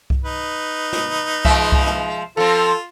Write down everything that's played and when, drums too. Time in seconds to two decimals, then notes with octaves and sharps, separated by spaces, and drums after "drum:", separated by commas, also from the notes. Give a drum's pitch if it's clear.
0.10 drum: kick C2
0.24 D#4 B4
0.93 drum: snare
1.45 F3 G#3 E5, drum: kick C2
1.72 drum: kick C2
1.86 drum: rim click
2.37 F3 C4 F4 A4